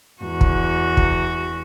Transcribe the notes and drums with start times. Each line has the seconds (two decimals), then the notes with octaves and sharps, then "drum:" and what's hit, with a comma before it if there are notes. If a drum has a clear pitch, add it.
0.22 E2 F#4
0.41 drum: kick
0.97 drum: kick